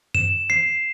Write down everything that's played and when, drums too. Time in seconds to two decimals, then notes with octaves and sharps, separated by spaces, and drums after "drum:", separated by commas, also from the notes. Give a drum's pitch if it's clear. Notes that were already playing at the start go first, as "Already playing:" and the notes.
0.15 E7, drum: tom F#2
0.50 C7